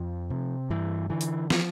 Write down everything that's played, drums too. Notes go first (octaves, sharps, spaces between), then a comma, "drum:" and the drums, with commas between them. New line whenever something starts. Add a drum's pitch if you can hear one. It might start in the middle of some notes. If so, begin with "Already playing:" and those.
Already playing: F2 F3
C3
G2 E3
D3 E3
drum: hi-hat
F3, drum: snare